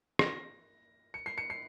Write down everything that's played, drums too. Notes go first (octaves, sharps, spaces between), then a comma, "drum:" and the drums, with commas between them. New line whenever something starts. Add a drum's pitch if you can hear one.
A#6, drum: rim click
C#7
C7
C#7
C7